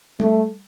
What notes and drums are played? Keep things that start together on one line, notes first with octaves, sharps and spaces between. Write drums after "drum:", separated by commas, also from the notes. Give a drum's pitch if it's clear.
A3, drum: tom G3